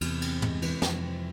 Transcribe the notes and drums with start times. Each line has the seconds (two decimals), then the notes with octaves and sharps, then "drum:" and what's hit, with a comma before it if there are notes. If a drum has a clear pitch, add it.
0.01 E2 C3, drum: cymbal
0.22 C4, drum: cymbal
0.42 G#3, drum: tom
0.62 E3, drum: cymbal
0.82 F2 C3, drum: snare
1.02 C4